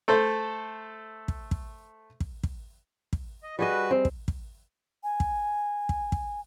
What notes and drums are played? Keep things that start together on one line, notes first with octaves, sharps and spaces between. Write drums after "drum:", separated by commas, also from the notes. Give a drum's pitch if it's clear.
A3 A4 C5
drum: kick
drum: kick
drum: kick
drum: kick
drum: kick
D#5
G3 F#4 G#4 B4 D#5
C4
drum: kick
drum: kick
G#5
drum: kick
drum: kick
drum: kick